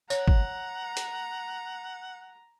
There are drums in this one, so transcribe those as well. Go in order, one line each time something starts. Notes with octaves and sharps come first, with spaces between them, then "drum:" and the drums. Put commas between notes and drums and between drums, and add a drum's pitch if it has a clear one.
C#5 F#5 A#5, drum: tambourine
drum: kick
drum: hi-hat